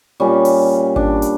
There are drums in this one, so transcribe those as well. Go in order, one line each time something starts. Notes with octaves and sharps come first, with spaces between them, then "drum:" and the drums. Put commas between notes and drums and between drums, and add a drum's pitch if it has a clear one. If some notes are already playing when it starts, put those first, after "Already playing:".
A#2 G3 C#4
drum: open hi-hat
D4, drum: kick G#1
drum: hi-hat